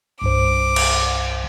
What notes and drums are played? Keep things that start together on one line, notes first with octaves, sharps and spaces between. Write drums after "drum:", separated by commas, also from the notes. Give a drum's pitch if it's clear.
C2 G2 C5 D6
drum: cymbal